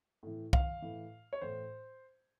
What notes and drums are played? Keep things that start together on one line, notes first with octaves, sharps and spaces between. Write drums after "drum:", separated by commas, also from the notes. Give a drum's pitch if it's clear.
A2 E3
F5, drum: kick
A2 E3
C#5
A2 E3 C5